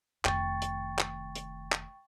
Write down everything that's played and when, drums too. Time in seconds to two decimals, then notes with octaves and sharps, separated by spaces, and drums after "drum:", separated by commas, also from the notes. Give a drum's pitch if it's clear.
0.25 F1 D#3 G5 C#6 A6, drum: clap
0.62 drum: hi-hat
0.99 drum: clap
1.35 drum: hi-hat
1.72 drum: clap